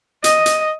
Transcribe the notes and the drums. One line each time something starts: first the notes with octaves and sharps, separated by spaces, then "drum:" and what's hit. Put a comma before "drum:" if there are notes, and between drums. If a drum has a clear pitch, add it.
D#5, drum: hi-hat
drum: hi-hat